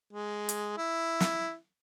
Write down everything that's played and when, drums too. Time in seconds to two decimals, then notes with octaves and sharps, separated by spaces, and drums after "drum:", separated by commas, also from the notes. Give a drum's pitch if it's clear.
0.13 G#3
0.49 drum: hi-hat
0.77 E4
1.20 drum: snare